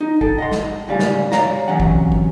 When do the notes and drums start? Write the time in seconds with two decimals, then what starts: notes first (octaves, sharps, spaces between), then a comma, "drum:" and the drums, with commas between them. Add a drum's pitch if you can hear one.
0.01 D#4
0.21 A4 G5, drum: kick
0.38 D#5 F#5 C6
0.51 drum: snare
0.88 A2 C#3 G3 D5 F5
1.00 drum: snare
1.32 C#5 D5 F5 A#5, drum: snare
1.68 C3 E3 F#3 C#4 F#5
1.80 drum: kick
2.12 drum: kick